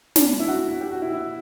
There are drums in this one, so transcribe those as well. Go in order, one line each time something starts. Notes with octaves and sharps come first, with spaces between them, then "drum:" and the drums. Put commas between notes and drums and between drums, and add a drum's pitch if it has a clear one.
D4, drum: snare
E4
F#4
G4
F#4
E4
E4